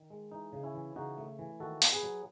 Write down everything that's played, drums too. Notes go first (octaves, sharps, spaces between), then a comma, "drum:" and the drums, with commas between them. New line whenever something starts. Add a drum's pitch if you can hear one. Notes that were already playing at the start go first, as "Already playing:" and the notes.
Already playing: D#3
G#3
E3 D#4
C#3
C#4 E4
E3
C#3 D#4 F#4
A3
E3
D#3 F#4 A4
B3, drum: open hi-hat
G#4 B4
F#3